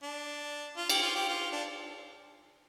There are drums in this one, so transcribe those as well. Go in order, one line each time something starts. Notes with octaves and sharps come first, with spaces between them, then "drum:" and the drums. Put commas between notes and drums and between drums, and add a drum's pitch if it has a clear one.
D4
F4
G4, drum: cymbal
F4
G4
F4
D4